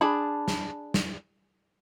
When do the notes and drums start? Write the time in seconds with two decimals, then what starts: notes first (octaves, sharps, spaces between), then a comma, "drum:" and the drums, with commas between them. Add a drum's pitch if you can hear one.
0.01 D4 G#4 A5 B5
0.48 drum: snare
0.94 drum: snare